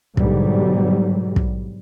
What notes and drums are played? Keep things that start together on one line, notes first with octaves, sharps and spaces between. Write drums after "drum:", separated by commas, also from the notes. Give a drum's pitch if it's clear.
G#2 B2 D3 F#3 G3, drum: kick
drum: kick